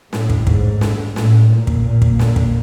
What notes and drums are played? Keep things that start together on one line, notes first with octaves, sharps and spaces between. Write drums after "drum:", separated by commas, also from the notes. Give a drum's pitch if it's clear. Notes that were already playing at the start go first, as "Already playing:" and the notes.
A2, drum: snare
drum: kick
G#2, drum: kick
drum: snare
A2, drum: snare
A#2
drum: kick
A#2
drum: kick
A#2, drum: snare
drum: kick